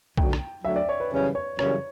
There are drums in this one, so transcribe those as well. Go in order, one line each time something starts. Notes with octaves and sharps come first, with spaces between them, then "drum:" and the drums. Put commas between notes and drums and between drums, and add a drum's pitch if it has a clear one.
D2 D3 F#3 G5, drum: kick
drum: rim click
D2 D3 F#3 E5
D5
C#5
B4
F#2 C#3 E3 G3 C#4 B4
C#5
F#2 C#3 E3 G3 C#4 C#5, drum: rim click